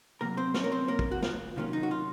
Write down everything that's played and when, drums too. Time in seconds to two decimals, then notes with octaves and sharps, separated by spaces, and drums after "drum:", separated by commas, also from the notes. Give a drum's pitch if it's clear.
0.21 C3 D#3 F#3 A#3 A#4
0.37 C4 C5
0.54 C#4 C#5, drum: snare
0.64 A#4
0.72 C4 C5
0.88 A#3 A#4
0.99 drum: kick
1.12 F#4
1.22 F4, drum: snare
1.56 C3 D#3 F#3 A#3 C#4 F4
1.73 D#4
1.83 F#4
1.91 F4